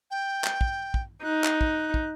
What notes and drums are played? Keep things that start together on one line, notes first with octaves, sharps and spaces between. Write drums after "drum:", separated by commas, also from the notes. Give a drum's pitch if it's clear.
G5
drum: clap
drum: kick
drum: kick
D#4 F#6
drum: clap
drum: kick
drum: kick